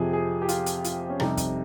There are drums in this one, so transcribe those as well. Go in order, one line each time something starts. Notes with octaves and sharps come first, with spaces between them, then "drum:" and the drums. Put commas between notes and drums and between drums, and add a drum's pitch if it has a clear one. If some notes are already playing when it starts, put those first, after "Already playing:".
Already playing: F2 C3 F3 G#4
G#4
G4
F4, drum: hi-hat
drum: hi-hat
F4, drum: hi-hat
C#4
F2 C3 G3 D#4, drum: rim click
drum: kick, hi-hat